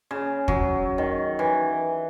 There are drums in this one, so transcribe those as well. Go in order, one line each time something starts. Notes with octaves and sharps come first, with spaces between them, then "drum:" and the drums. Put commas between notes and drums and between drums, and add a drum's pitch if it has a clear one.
C#3
F#3, drum: kick
D#3
E3